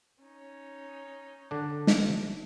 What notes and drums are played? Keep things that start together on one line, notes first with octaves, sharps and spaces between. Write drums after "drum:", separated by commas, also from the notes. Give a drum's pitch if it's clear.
C#4 D#4
D3 D4
drum: snare